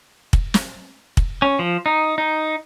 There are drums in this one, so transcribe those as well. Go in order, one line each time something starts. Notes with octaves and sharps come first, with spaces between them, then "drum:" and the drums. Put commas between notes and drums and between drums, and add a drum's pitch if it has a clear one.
drum: kick
drum: snare
drum: kick
C#4
F3
D#4
D#4